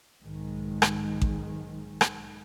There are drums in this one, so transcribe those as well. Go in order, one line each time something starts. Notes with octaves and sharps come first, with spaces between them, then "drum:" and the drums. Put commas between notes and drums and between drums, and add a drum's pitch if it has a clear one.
B1 G#2 D#3 G#3
drum: rim click
drum: kick A1
drum: rim click